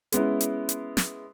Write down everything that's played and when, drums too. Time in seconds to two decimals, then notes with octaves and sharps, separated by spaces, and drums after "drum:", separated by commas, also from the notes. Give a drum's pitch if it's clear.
0.12 G#3 B3 C#4 E4, drum: hi-hat
0.41 drum: hi-hat
0.69 drum: hi-hat
0.97 drum: snare